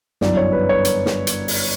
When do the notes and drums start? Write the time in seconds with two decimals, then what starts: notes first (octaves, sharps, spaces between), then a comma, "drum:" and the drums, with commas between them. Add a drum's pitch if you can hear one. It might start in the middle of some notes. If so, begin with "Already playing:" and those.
0.21 G1 F#2 E3 D5, drum: snare
0.37 C#5
0.52 B4
0.69 C#5
0.85 drum: hi-hat
1.06 drum: snare
1.27 drum: hi-hat
1.48 drum: open hi-hat